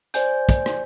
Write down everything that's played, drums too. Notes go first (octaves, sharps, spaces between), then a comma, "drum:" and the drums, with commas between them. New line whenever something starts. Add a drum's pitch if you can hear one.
C5 D5 G#5 G6, drum: hi-hat
drum: kick, hi-hat
drum: rim click